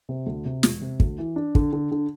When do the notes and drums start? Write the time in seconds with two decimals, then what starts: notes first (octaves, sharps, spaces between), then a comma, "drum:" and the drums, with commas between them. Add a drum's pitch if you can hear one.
0.09 C3
0.27 D2
0.45 C3
0.63 E1, drum: snare
0.81 C3
1.00 D2, drum: kick
1.18 E3
1.36 D4
1.55 D3, drum: kick
1.73 D3
1.92 D3